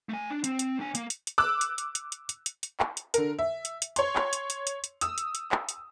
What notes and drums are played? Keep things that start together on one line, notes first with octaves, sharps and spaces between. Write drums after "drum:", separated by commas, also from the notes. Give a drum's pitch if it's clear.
A3 G#5
D4
C4, drum: hi-hat
drum: hi-hat
D4 G#5
A#3, drum: hi-hat
drum: hi-hat
drum: hi-hat
D6 E6 F#6
drum: hi-hat
drum: hi-hat
drum: hi-hat
drum: hi-hat
drum: hi-hat
drum: hi-hat
drum: hi-hat
drum: clap
drum: hi-hat
D3 A#4, drum: hi-hat
E5
drum: hi-hat
drum: hi-hat
C#5 C6, drum: hi-hat
drum: clap
drum: hi-hat
drum: hi-hat
drum: hi-hat
drum: hi-hat
D#6 E6, drum: hi-hat
drum: hi-hat
drum: hi-hat
drum: clap
drum: hi-hat